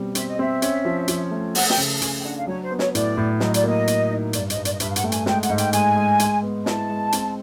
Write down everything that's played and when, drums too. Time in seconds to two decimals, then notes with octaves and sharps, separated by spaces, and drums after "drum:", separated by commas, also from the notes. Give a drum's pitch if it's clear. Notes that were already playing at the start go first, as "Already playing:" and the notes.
Already playing: B2 G3 C4
0.15 C4 E5, drum: hi-hat
0.27 D#5
0.39 C4 E5
0.62 C#4, drum: hi-hat
0.85 F3
1.08 F3, drum: hi-hat
1.31 A3
1.55 A3 F#5, drum: open hi-hat
1.70 G5, drum: snare
1.77 C#3
1.95 A5
2.02 C#3 G#5, drum: hi-hat
2.20 G5
2.24 D4 F#5
2.37 F5
2.47 F#3 C#5
2.63 C5
2.71 B3
2.79 C#5, drum: snare
2.95 A2 D5, drum: hi-hat
3.17 A2
3.40 F#3 D#5, drum: snare
3.54 D5, drum: hi-hat
3.64 A#3 D#5
3.87 A#3, drum: hi-hat
4.11 D#4
4.33 G2 D5, drum: hi-hat
4.50 D#5, drum: hi-hat
4.57 G2
4.65 D5, drum: hi-hat
4.73 D#5
4.80 G2 E5, drum: hi-hat
4.89 F5
4.96 F#5, drum: hi-hat
5.04 A3 G5
5.12 G#5, drum: hi-hat
5.26 G#3 G5, drum: snare
5.43 F#5, drum: hi-hat
5.50 G#2
5.58 G5, drum: hi-hat
5.73 G#3 G#5, drum: hi-hat
5.96 G#3
6.19 G#3, drum: hi-hat
6.42 B3
6.66 E4 A5, drum: snare
6.90 G#3
7.12 C4, drum: hi-hat